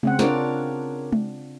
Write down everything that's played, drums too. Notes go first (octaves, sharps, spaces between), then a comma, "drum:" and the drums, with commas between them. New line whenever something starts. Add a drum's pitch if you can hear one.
C#3 C4 F#5, drum: tom G#3
D4 F4 A#4 C#5 D5, drum: snare
drum: tom G#3